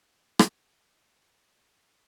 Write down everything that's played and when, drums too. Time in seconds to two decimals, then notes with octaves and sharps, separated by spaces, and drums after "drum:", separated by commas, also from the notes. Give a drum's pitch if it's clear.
0.06 G#3 C#5
0.39 drum: rim click
0.49 E3 D5
0.91 E3 B4
1.03 A4
1.14 B4
1.34 G#2 A4
1.77 G#3 C#5